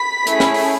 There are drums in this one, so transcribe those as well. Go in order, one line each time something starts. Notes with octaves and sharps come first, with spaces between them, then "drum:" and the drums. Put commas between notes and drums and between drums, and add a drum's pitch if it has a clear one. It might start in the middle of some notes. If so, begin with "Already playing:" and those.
Already playing: B5 B6
A3 C#4 E4 G#4, drum: hi-hat
drum: snare
drum: open hi-hat